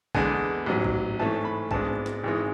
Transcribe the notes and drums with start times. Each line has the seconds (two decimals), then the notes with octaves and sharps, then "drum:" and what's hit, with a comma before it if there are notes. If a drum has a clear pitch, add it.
0.15 E2 D3 G#3 B3 G#5, drum: kick A#1
0.66 A1 G#2 F#3
0.84 drum: kick A#1
1.19 G#2 E3 A3 C#4 A5
1.45 B5
1.71 G#1 G#2 G#3 B3 D4 A5, drum: kick A#1
2.06 drum: snare
2.23 G#1 G#2 E3 G#3